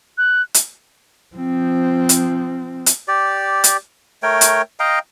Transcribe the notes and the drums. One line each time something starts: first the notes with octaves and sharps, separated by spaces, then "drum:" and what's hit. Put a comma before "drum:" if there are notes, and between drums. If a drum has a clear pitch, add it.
F#6
drum: hi-hat
F3 C4
drum: hi-hat
drum: hi-hat
G4 D5
drum: hi-hat
A3 A#4 C#5 G5
drum: hi-hat
D#5 F5 G5 A#5